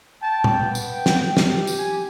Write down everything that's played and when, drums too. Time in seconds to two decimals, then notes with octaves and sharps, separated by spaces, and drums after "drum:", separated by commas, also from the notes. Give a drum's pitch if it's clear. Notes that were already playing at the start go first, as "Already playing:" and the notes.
0.23 G5 A5
0.44 drum: tom
0.60 B3
0.75 drum: tambourine
1.06 drum: snare
1.37 G4, drum: snare
1.67 drum: tambourine
1.78 G#5